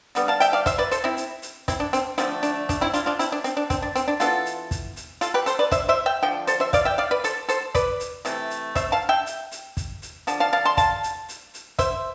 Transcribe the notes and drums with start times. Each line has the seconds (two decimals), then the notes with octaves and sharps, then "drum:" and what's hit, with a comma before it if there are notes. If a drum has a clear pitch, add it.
0.15 D3 G3 B3, drum: hi-hat
0.28 F5 A5
0.40 E5 G5, drum: hi-hat
0.53 D5 F5
0.66 C5 E5, drum: kick, hi-hat
0.78 B4 D5
0.91 A4 C5, drum: hi-hat
1.04 C4 E4
1.17 drum: hi-hat
1.42 drum: hi-hat
1.68 C4 E4, drum: kick, hi-hat
1.80 D4
1.93 C4, drum: hi-hat
2.18 D3 F3 A3 C4 E4, drum: hi-hat
2.43 D4, drum: hi-hat
2.69 D4, drum: kick, hi-hat
2.81 C4 E4
2.94 D4 F4, drum: hi-hat
3.06 D4 F4
3.19 C4 E4, drum: hi-hat
3.32 D4
3.44 C4, drum: hi-hat
3.57 D4
3.70 C4, drum: kick, hi-hat
3.82 D4
3.96 C4, drum: hi-hat
4.08 D4
4.20 E3 B3 F4 A4, drum: hi-hat
4.46 drum: hi-hat
4.71 drum: kick, hi-hat
4.96 drum: hi-hat
5.21 F4 A4, drum: hi-hat
5.34 G4 B4
5.46 A4 C5, drum: hi-hat
5.59 B4 D5
5.71 C5 E5, drum: kick, hi-hat
5.89 C5 E5
6.06 E5 G5
6.23 D3 F3 G5
6.47 A4 C5, drum: hi-hat
6.60 C5 E5
6.73 D5 F5, drum: kick, hi-hat
6.85 E5 G5
6.98 D5 F5
7.11 B4 D5
7.24 A4 C5, drum: hi-hat
7.49 A4 C5, drum: hi-hat
7.75 B4 D5, drum: kick, hi-hat
8.00 drum: hi-hat
8.25 C3 E3 A3, drum: hi-hat
8.50 drum: hi-hat
8.75 C5 E5, drum: kick, hi-hat
8.92 F5 A5
9.09 E5 G5
9.26 drum: hi-hat
9.51 drum: hi-hat
9.77 drum: kick, hi-hat
10.02 drum: hi-hat
10.27 D3 F3 A5, drum: hi-hat
10.40 F5 A5
10.53 F5 A5
10.65 A5 C6
10.77 F5 A5, drum: kick, hi-hat
11.03 drum: hi-hat
11.29 drum: hi-hat
11.54 drum: hi-hat
11.79 C5 E5, drum: kick, hi-hat